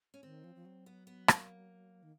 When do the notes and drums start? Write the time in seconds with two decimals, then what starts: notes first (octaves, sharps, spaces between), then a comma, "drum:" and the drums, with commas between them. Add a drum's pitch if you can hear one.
0.14 C#4
0.23 D#3 C4
0.44 F3
0.55 F3
0.65 F#3
0.86 B3
1.07 B3
1.28 A#3, drum: rim click
2.03 D#3